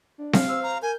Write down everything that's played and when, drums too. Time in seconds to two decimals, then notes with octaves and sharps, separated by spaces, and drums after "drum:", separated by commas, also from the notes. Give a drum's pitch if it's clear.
0.18 D4
0.33 F5, drum: snare C4
0.49 C5 E6
0.63 A#5
0.82 A#4 G#5 G6